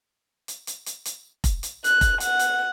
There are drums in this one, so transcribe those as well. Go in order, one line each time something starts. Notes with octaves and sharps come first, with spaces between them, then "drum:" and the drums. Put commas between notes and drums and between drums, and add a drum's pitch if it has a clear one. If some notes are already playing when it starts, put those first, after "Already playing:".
drum: hi-hat
drum: hi-hat
drum: hi-hat
drum: hi-hat
drum: kick F1, hi-hat
drum: hi-hat
F#6, drum: hi-hat
drum: kick F1, hi-hat
F#5, drum: hi-hat
drum: hi-hat